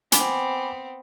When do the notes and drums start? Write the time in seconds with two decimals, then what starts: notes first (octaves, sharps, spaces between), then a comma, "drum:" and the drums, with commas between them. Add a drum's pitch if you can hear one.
0.12 B3 C4 G#5 B5 D6, drum: hi-hat